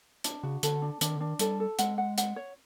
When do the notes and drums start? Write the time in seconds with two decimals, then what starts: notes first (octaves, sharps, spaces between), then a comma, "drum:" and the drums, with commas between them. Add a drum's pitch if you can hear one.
0.24 D4, drum: hi-hat
0.43 C#3 F#4
0.63 D3 A4, drum: hi-hat
0.82 D4
1.01 D#3 D4, drum: hi-hat
1.16 D3
1.20 D#3 D4
1.39 G3 A4, drum: hi-hat
1.60 A4
1.79 G#3 F#5, drum: hi-hat
1.98 F#5
2.18 F#5, drum: hi-hat
2.36 C#5